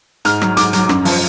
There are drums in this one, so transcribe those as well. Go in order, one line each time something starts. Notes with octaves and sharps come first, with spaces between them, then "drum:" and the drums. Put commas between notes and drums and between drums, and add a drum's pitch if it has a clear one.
G#2 F6, drum: hi-hat
F#3, drum: rim click
G#2 D6, drum: hi-hat
F#3, drum: hi-hat
F#2, drum: rim click
F3, drum: open hi-hat